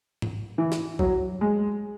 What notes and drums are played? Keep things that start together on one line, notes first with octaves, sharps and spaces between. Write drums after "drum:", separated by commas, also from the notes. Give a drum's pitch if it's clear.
drum: tom G#2
E3
drum: snare
F#3, drum: kick
G#3